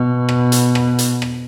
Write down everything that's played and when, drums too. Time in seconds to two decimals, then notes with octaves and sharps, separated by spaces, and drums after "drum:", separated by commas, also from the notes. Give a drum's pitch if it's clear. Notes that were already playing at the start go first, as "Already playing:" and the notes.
Already playing: B2
0.29 drum: rim click
0.52 drum: hi-hat
0.75 drum: rim click
0.99 drum: hi-hat
1.22 drum: rim click